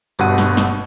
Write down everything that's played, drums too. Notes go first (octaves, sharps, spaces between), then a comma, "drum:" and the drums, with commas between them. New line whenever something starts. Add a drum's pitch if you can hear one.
G1 G2 B2 F#5 D#7, drum: tambourine
drum: snare
drum: snare